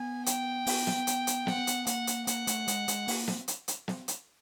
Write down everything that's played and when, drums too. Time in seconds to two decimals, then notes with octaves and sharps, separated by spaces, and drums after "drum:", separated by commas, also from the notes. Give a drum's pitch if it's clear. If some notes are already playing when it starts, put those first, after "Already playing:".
Already playing: B3 G#5
0.26 G5, drum: hi-hat
0.67 B3, drum: open hi-hat
0.87 drum: snare
1.07 drum: hi-hat
1.27 drum: hi-hat
1.47 B3 F#5, drum: snare
1.67 drum: hi-hat
1.87 A#3 F#5, drum: hi-hat
2.07 drum: hi-hat
2.27 A#3 F#5, drum: hi-hat
2.47 A3, drum: hi-hat
2.68 G#3, drum: hi-hat
2.88 G#3, drum: hi-hat
3.08 A#3, drum: open hi-hat
3.28 drum: snare
3.48 drum: hi-hat
3.68 drum: hi-hat
3.88 drum: snare
4.08 drum: hi-hat